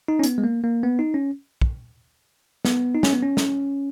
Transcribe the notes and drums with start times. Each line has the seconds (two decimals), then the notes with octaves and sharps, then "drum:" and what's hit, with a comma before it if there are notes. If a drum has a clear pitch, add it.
0.08 D#4
0.19 C#4
0.23 B3, drum: hi-hat
0.38 G#3
0.44 A#3
0.64 A#3
0.83 B3
0.99 D#4
1.14 C#4
1.61 drum: kick
2.65 B3, drum: snare
2.94 D#4
3.03 C#4, drum: snare
3.13 B3
3.22 C#4
3.37 drum: snare